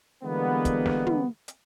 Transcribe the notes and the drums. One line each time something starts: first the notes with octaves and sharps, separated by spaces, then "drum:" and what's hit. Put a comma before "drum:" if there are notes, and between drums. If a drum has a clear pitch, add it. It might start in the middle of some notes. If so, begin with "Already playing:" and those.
D3 E3 G3 G#3 A#3 B3
drum: kick, hi-hat
drum: snare
drum: tom
drum: hi-hat